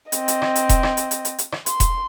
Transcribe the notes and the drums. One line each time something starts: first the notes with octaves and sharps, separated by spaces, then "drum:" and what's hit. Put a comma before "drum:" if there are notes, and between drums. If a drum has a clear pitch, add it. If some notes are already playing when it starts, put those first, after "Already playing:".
C4 D#5, drum: hi-hat
drum: hi-hat
drum: rim click
drum: hi-hat
drum: kick E1, hi-hat
drum: rim click
drum: hi-hat
drum: hi-hat
drum: hi-hat
drum: hi-hat
drum: rim click
C6, drum: hi-hat
drum: kick E1, hi-hat